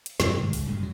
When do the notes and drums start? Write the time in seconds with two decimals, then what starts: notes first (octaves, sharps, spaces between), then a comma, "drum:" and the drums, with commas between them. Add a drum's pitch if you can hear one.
0.06 drum: hi-hat
0.20 F#2 C3 G#3, drum: snare
0.41 G#2 D#3
0.53 C#2, drum: open hi-hat
0.65 G2 A#2 G#3
0.79 F#2 F#3